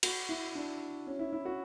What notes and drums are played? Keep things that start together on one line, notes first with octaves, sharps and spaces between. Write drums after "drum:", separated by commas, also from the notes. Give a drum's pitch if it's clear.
F#4, drum: cymbal
E4
D4
C#4
E4
E4
F#4